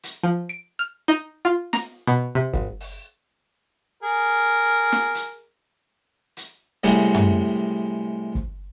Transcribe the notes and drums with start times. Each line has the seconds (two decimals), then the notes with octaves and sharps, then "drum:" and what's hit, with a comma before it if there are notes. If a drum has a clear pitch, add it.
0.03 drum: hi-hat
0.24 F3
0.49 D7
0.79 F6
1.08 D#4
1.45 F4
1.73 A#5, drum: snare
2.07 B2
2.35 C3
2.54 G#1, drum: kick
2.80 drum: open hi-hat
4.03 G#4 A#4
4.92 drum: snare
5.15 drum: hi-hat
6.37 drum: hi-hat
6.84 A2 C3 G3 G#3, drum: hi-hat
7.15 drum: tom
8.35 drum: kick